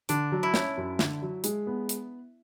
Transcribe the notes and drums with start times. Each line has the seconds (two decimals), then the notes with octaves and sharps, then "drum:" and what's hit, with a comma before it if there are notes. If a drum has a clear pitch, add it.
0.09 D3 D4, drum: hi-hat
0.32 F#3
0.43 E4
0.54 C#4, drum: snare
0.77 F#2
0.99 D3, drum: snare
1.22 F#3
1.44 G#3, drum: hi-hat
1.67 B3
1.89 drum: hi-hat